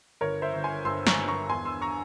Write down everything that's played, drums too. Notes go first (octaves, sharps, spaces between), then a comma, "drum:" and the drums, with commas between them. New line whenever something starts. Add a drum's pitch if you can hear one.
G1 A#4 C#5
C5 E5
G1
G#5 C6
G2 C6 E6
A#5 C#6, drum: snare
G2
A#5 C#6
E2 G#5 C6
C6 E6
A#5 C#6